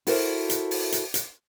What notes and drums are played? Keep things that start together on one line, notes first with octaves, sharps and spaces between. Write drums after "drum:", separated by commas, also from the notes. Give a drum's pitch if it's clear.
E4 F#4 A4 A#4 C5, drum: open hi-hat
drum: hi-hat
drum: open hi-hat
drum: hi-hat
drum: hi-hat